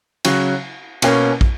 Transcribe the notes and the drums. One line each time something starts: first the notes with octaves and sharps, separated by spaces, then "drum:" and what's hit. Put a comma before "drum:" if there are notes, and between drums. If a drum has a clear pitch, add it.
C#3 F#3 C#4 F#4, drum: cymbal
B2 A#3 C#4, drum: cymbal
drum: kick